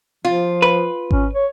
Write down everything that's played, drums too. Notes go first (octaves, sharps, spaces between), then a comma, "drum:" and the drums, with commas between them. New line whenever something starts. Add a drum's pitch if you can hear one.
F3 F4
B4
C#4, drum: kick G#1
C#5